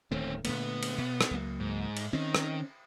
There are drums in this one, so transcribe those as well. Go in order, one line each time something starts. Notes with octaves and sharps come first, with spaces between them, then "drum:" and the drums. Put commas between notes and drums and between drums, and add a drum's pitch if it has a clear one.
D1 D#3 A3 C4 C#4
A#2 D3 A3 B3, drum: cymbal
drum: cymbal
B2
drum: rim click
C#2 F#3 A#3
G#2
drum: cymbal
D#3 C4 C#4
drum: rim click